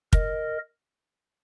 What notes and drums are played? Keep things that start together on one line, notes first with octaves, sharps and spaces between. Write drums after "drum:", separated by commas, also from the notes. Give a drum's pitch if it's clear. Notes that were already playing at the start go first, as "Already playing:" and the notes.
A#4 D#5, drum: kick